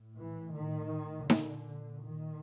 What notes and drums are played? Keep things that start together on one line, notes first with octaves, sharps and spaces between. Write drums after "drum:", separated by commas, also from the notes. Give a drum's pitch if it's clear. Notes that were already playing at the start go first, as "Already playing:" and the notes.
Already playing: A2
E3
D#3
A#2 D3, drum: snare D#4
D#3